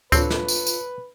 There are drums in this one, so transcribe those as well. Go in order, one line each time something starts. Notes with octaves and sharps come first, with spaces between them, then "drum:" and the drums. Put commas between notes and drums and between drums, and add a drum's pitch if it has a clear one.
C4 D4 F4 A4 B4 C#5, drum: kick D2, tambourine
drum: snare
drum: tambourine
drum: tambourine